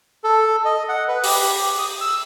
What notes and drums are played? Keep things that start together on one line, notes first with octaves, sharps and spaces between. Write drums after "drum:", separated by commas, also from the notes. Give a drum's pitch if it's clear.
A4
D#5
F#5
B4
G4, drum: open hi-hat
D#6
E6